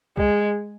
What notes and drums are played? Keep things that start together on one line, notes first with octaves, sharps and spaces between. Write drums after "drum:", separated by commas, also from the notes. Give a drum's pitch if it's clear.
G#3, drum: kick